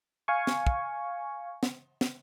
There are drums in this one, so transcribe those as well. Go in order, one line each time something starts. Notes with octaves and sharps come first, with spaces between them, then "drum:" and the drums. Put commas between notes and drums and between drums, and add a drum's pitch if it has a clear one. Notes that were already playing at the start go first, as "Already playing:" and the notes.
F5 G#5 C#6
drum: snare
drum: kick
drum: snare
drum: snare